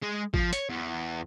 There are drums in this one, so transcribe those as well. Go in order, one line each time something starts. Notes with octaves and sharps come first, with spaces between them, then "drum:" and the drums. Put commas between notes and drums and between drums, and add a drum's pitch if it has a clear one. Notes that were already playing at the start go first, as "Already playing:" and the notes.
G#3
F3, drum: kick G#1
C#5, drum: hi-hat
E2